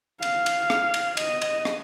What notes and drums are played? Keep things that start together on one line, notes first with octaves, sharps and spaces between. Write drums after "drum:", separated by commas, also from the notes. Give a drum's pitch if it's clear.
F5, drum: cymbal
drum: cymbal
drum: rim click
drum: cymbal
D#5, drum: cymbal
drum: cymbal
drum: rim click